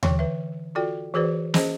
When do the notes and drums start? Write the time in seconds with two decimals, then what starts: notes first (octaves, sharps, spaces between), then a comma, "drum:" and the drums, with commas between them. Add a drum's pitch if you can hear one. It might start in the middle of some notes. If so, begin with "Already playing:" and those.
0.03 D3 E3 C#5 G5, drum: tom D#2
0.19 B4 E5
0.75 F4 F#4 A4 D5 G5
1.14 E3 F#4 G#4 B4 C5 D5
1.54 C#4 G#4 C5 D#5, drum: snare